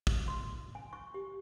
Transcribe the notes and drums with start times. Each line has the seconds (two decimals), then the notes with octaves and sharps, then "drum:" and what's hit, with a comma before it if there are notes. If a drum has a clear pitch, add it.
0.07 drum: kick
0.28 C6
0.75 G#5
0.93 C#6
1.14 G4